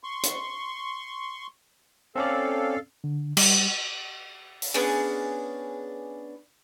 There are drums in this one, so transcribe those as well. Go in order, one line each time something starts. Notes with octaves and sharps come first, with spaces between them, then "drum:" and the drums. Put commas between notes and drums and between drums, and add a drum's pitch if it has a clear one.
C6 C#6
drum: hi-hat
C4 C#4 A4 D5 F5
D3
G3, drum: cymbal
drum: open hi-hat
B3 C#4 D4 G#4